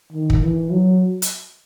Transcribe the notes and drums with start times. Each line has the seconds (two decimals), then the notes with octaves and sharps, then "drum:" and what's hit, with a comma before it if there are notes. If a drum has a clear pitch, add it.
0.13 D#3
0.30 drum: kick
0.42 E3
0.71 F#3
1.22 drum: hi-hat